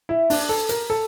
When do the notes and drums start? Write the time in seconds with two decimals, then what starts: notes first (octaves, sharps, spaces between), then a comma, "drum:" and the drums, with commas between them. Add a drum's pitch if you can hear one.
0.09 E4
0.30 D4, drum: open hi-hat
0.49 A4
0.69 A#4, drum: hi-hat
0.90 A4